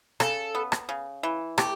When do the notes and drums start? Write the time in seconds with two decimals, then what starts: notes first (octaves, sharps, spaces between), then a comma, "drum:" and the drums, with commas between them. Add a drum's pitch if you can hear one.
0.20 C#3 A4, drum: rim click
0.55 B3
0.72 drum: rim click
0.89 C#3
1.23 E3
1.58 A3 G4, drum: rim click